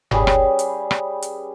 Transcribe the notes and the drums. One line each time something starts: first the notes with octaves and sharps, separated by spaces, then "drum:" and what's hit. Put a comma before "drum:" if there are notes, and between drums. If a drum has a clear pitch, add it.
G3 C#4 G#4 B4, drum: tom F#1
drum: rim click
drum: hi-hat
drum: rim click
drum: hi-hat